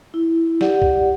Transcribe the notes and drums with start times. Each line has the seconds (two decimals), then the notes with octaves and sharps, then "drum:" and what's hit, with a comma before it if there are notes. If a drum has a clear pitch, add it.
0.14 E4
0.61 G4 D5 F#5, drum: snare
0.82 drum: kick